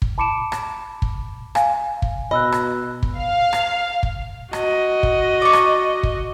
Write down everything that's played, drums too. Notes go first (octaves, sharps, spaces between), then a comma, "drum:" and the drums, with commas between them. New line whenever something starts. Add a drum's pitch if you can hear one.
drum: kick
A5 B5 D6 C#7 D7 E7
drum: rim click
drum: kick
F5 G#5, drum: rim click
drum: kick
B2 D#5 B5 E6 F#6
drum: rim click
drum: kick
F5
drum: rim click
drum: kick
F#4 D#5, drum: rim click
drum: kick
D5 C#6
drum: rim click
drum: kick